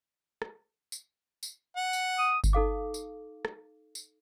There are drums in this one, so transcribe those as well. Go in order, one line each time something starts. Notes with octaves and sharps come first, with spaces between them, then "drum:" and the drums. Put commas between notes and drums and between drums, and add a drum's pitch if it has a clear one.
drum: rim click
drum: tambourine
drum: tambourine
F#5
drum: tambourine
D#6
drum: kick G1, tambourine
D#4 A4 F5 D6
drum: tambourine
drum: rim click
drum: tambourine